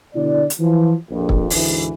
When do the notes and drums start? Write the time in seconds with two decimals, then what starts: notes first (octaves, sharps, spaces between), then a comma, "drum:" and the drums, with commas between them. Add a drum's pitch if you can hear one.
0.15 B2 D3 E4 D5
0.50 drum: hi-hat
0.59 E3 F3
1.10 A#1 F2
1.29 drum: kick
1.50 D2 G#2 E3, drum: open hi-hat